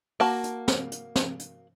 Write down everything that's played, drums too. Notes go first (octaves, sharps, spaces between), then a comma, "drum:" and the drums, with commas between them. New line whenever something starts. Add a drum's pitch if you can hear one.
A#3 F#4 A5, drum: open hi-hat
drum: hi-hat
drum: snare
drum: hi-hat
drum: snare
drum: hi-hat